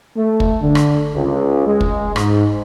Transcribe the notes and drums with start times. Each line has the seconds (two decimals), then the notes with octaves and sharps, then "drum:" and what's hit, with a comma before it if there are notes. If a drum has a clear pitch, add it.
0.17 A3
0.40 drum: kick
0.62 D3
0.75 drum: rim click
1.14 C#2
1.67 G#3
1.81 drum: kick
2.16 G#2, drum: rim click